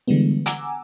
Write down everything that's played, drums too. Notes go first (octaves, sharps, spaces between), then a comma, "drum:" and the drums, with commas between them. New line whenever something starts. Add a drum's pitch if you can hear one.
D3 E3 G3 G#3 B3
F#5 G#5 A#5 D6 E6, drum: hi-hat